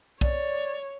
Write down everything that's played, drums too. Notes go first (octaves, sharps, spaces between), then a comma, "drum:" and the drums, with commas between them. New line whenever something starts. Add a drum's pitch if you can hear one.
C#5 D5, drum: kick